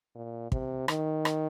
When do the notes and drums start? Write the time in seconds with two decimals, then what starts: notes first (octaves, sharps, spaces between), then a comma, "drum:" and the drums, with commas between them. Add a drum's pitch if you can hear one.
0.15 A#2
0.52 C3, drum: kick
0.88 D#3, drum: rim click
1.25 drum: rim click